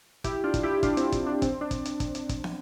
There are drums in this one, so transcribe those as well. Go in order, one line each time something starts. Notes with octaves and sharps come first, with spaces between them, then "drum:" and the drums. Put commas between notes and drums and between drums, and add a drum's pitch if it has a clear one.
E4 G4, drum: kick, hi-hat
D4 F4
drum: kick, hi-hat
E4 G4
D4 F4, drum: kick, hi-hat
C4 E4, drum: hi-hat
C4, drum: kick, hi-hat
D4
C4, drum: kick, hi-hat
D4
drum: kick, hi-hat
drum: hi-hat
drum: kick, hi-hat
drum: hi-hat
drum: kick, hi-hat
drum: snare